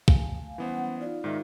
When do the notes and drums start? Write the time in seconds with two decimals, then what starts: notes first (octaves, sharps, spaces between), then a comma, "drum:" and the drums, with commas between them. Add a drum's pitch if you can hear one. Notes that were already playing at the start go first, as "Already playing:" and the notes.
0.08 A3 F5 G#5, drum: kick
0.58 E3 F#3 G3 B3 C#4 C5 F#5
1.00 D#4 F4 D5 F5
1.24 G#2 D#3 E5